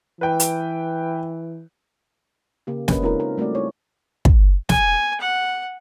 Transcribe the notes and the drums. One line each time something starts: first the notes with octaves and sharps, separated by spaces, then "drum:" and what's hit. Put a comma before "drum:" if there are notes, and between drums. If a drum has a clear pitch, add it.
E3 B4 G5
drum: hi-hat
C#3 A#3 G4
A#3 C#4 D4 B4 D#5, drum: snare
G#3 C4 D#4 F4 A4 A#4
A#4
G3 A3 C4 F#4 D5
E4 C#5
drum: kick
G#5, drum: snare
F#5